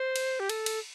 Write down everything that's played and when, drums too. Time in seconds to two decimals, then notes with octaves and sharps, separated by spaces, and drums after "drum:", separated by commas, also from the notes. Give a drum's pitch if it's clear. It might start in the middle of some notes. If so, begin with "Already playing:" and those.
Already playing: C5
0.16 drum: cymbal
0.40 G4
0.49 A4, drum: cymbal
0.66 drum: cymbal